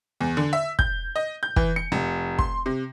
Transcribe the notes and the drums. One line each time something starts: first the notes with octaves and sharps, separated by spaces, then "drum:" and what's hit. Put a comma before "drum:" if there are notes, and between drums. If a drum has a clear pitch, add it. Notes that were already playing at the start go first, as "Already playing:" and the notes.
E2
D3
E5
G6, drum: kick
D#5
G6
E3, drum: kick
C#7
F1
C6, drum: kick
C3